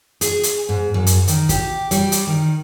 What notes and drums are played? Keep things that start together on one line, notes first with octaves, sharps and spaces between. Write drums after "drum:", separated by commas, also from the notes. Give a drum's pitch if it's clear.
G#4, drum: hi-hat
drum: hi-hat
G#2
F#2
drum: hi-hat
D#3, drum: hi-hat
G4, drum: kick, hi-hat
G3, drum: hi-hat
drum: hi-hat
D#3